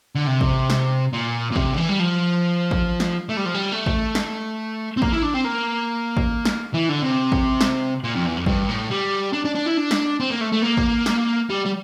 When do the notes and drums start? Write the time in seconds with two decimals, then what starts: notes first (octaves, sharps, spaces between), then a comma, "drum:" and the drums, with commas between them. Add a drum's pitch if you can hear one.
0.15 D3
0.27 C3
0.41 drum: kick A1
0.70 drum: snare
1.13 A#2
1.51 A#2
1.56 C3, drum: kick A1
1.73 D3
1.77 E3
1.89 G3
1.99 F3
2.71 drum: kick A1
3.00 drum: snare
3.29 A3
3.37 G3
3.45 F3
3.54 G3
3.72 A3
3.86 drum: kick A1
4.15 drum: snare
4.97 C4
5.02 A#3, drum: kick A1
5.13 E4
5.22 D4
5.34 C4
5.45 A#3
6.17 drum: kick A1
6.45 drum: snare
6.74 E3
6.89 D3
7.03 C3
7.32 drum: kick A1
7.61 drum: snare
8.04 A#2
8.15 F2
8.26 E2
8.37 F2
8.46 G2, drum: kick A1
8.69 A2
8.90 G3
9.33 D4
9.45 D4
9.55 D4
9.66 E4
9.77 D4
9.91 drum: snare
10.20 C4
10.31 A#3
10.41 A3
10.53 A3
10.62 A#3
10.77 drum: kick A1
11.06 drum: snare
11.50 G3
11.66 G3